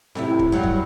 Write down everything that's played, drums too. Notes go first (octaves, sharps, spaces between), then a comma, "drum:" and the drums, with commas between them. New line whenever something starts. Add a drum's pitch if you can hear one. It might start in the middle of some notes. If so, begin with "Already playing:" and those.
A2 C3 E4, drum: snare C4
drum: kick
G2 F#3
drum: kick